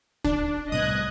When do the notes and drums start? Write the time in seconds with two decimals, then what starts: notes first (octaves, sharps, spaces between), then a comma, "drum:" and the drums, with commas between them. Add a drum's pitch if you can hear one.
0.24 D4, drum: kick
0.72 C2 A2 B3 D#5 D#6 F#6 G#6